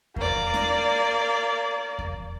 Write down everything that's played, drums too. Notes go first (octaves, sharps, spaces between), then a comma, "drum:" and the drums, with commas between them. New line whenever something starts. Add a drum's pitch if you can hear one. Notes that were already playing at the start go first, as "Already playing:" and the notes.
A#3 D5, drum: kick E2
drum: snare
drum: kick E2